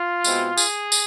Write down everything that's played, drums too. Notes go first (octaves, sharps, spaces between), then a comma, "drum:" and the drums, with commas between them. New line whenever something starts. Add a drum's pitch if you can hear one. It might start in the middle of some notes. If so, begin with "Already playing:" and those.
Already playing: F4
B2 G#3 C4 E4, drum: tambourine
G#4, drum: tambourine
drum: tambourine